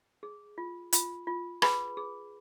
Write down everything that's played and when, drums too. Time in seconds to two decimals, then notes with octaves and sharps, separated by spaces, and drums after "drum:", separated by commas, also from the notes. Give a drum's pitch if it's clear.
0.23 G#4
0.58 F4
0.93 F4, drum: hi-hat
1.27 F4
1.62 G#4 B4 B5, drum: rim click
1.97 G#4